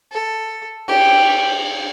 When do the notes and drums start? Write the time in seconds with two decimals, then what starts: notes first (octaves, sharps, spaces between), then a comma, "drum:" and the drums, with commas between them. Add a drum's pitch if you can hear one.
0.12 A4
0.88 G4, drum: cymbal